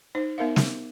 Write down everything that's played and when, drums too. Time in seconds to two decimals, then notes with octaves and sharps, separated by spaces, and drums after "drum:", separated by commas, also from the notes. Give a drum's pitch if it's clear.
0.15 D#4 C5
0.38 B3 D#4 A#4 E5 F5
0.56 drum: snare